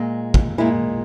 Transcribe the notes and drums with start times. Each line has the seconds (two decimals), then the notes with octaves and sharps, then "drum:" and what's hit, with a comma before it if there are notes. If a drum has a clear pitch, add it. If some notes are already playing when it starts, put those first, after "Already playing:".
Already playing: A#2 G#3
0.34 drum: kick
0.58 A#2 G#3 E4